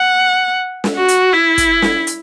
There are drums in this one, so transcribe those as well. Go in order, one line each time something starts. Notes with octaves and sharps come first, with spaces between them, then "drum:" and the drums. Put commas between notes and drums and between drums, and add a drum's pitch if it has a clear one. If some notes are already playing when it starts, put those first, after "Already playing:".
Already playing: F#5
drum: snare
F#4
drum: hi-hat
E4
drum: kick, hi-hat
drum: snare
drum: hi-hat